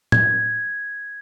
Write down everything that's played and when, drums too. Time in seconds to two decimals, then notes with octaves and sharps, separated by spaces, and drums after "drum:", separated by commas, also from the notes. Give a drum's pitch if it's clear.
0.12 G#6, drum: tom A2